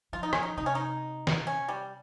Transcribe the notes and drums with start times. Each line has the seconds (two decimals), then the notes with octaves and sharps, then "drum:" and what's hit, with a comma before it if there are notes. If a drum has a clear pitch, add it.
0.13 F3 F4
0.23 D#4
0.33 C#4, drum: rim click
0.43 D#4
0.57 C3 D#4
0.66 C#4
0.75 D#4
1.27 drum: snare
1.47 C#4
1.69 G3